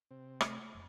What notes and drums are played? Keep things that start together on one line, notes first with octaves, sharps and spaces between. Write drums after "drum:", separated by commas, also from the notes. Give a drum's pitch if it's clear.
C3 C4
A3 F4, drum: rim click
F2